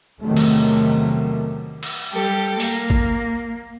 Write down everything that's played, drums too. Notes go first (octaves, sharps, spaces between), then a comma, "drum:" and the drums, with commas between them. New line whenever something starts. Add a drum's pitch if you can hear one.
E2 C3 D#3 F#3 A3
drum: cymbal
drum: cymbal
G3 G4 A4
A#3, drum: open hi-hat
drum: kick G#1